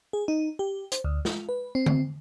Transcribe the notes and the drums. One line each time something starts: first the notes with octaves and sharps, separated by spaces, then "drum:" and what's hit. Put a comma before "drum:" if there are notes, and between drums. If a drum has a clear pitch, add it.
G#4
D#4
G4
C5, drum: hi-hat
D2
F4, drum: snare
B4
C4
drum: tom D3